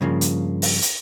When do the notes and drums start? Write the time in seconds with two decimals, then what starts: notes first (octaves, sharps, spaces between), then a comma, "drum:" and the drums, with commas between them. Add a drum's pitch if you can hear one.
0.01 G2 C#3 F3 A#3
0.21 drum: hi-hat
0.62 drum: open hi-hat
0.82 drum: hi-hat